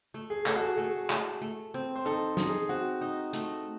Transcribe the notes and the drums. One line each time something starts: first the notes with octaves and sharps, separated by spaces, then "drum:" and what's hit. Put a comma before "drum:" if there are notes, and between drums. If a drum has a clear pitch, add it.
A3
G#4
A3 A4, drum: clap
F#4
G#4
A3 G#4
A3, drum: clap
A3
C4
C5
D#4 A4
D#4, drum: snare
G#4
C4 F#4
D#4
A3, drum: hi-hat